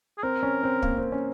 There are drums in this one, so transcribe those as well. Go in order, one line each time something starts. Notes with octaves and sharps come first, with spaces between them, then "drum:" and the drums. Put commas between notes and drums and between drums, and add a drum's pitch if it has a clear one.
G#4
C4 A#4
C#4
C4
A#3, drum: kick
C4
C#4